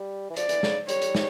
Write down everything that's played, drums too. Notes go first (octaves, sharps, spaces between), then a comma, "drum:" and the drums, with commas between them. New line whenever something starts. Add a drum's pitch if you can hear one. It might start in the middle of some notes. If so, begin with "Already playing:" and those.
Already playing: G3
E3
F3 D5, drum: hi-hat
E3, drum: hi-hat
C#3, drum: snare
G3 C#5, drum: hi-hat
drum: hi-hat
drum: snare